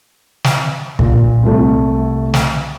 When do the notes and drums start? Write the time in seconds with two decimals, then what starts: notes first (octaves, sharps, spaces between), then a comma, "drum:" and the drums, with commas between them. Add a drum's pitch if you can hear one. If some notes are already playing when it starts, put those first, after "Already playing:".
0.44 drum: snare
0.99 A#2, drum: kick
1.43 C2 A3
2.34 drum: snare